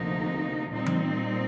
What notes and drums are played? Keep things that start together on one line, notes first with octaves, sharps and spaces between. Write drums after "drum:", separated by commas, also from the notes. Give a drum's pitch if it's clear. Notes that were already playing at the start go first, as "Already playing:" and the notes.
Already playing: D2 C3 F3 A#3 D#4
A#2 G3 C4 D#4
drum: tom E3